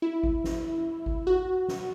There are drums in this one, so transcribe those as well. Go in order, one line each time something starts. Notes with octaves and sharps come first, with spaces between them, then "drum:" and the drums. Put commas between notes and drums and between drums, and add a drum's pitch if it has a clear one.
E4
drum: kick G#1
drum: snare
drum: kick G#1
F#4
drum: snare